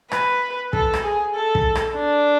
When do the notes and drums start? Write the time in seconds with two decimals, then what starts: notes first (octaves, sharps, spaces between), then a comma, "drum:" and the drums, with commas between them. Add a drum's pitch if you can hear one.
0.12 B4, drum: rim click
0.73 A4, drum: kick
0.93 drum: rim click
1.04 G#4
1.34 A4
1.55 drum: kick
1.75 drum: rim click
1.96 D4